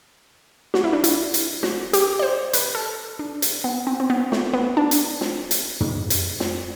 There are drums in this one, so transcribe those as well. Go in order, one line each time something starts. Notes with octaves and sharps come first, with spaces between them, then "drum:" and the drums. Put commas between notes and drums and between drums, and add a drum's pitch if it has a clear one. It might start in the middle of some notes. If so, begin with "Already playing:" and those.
F#4, drum: snare
E4
D4
E4, drum: hi-hat
drum: hi-hat
F#4, drum: snare
G4, drum: hi-hat
D5
C5
B4, drum: hi-hat
A4
D4
drum: hi-hat
B3
C4
C4
B3
A3, drum: snare
B3
D4
drum: hi-hat
drum: snare
drum: hi-hat
drum: tom
drum: hi-hat
drum: snare